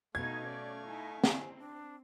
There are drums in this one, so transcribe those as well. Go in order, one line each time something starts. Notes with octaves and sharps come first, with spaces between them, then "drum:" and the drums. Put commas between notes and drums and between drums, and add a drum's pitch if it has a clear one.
B2 A3 B3 D#4 F5 C#6 G#6
C#4 D5
D#4 E4 G#5
C4, drum: snare
D4